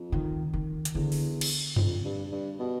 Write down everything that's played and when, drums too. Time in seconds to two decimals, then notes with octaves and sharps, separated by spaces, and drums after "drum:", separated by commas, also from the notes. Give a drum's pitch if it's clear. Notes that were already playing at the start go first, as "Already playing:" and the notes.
Already playing: F2
0.12 D#3
0.53 D#3
0.85 drum: hi-hat
0.94 E2 D3
1.12 drum: open hi-hat
1.41 drum: cymbal
1.76 F2, drum: tom F#2
2.05 G2
2.32 G2
2.59 B2